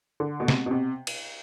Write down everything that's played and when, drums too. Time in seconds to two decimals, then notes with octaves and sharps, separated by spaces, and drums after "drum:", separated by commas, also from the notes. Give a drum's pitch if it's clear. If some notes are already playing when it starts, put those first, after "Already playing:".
0.20 D3
0.40 B2
0.48 C3, drum: snare
0.66 B2
0.71 C3
1.07 drum: cymbal